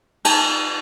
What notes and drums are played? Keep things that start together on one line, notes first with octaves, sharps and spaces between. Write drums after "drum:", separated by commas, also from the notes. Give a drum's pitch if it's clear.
D#4 G#5 A5, drum: cymbal